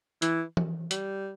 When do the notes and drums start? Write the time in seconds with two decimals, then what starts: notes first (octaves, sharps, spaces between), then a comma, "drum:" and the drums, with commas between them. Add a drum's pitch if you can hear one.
0.22 E3, drum: hi-hat
0.57 drum: tom E3
0.91 G3, drum: hi-hat